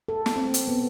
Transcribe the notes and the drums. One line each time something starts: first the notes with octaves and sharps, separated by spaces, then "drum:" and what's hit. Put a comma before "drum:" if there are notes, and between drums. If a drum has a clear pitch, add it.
A4
drum: snare
C4
drum: hi-hat
B3